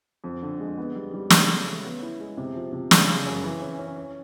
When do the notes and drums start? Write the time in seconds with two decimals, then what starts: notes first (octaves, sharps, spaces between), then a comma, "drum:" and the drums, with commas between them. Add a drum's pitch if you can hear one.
0.24 F2
0.42 D3
0.60 G#3
0.77 B3
0.95 G3
1.14 G3
1.30 C#3, drum: snare
1.48 A3
1.66 C#4
1.84 B3
2.02 E4
2.20 G#3
2.37 C3
2.55 F3
2.72 C3
2.91 C#3, drum: snare
3.09 C#3
3.27 F#2
3.44 E3
3.62 C#4
3.79 C#4
3.97 C#4